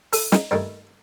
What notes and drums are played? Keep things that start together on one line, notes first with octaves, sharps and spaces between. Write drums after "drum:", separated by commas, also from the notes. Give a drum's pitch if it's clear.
A4, drum: open hi-hat
D#4, drum: snare
G2 D#3 A3 D#4